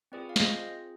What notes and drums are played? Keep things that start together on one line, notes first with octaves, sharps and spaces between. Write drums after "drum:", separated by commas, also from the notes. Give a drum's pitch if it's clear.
C4 F4 G#4 B4 D5
F5
C5 D#5, drum: snare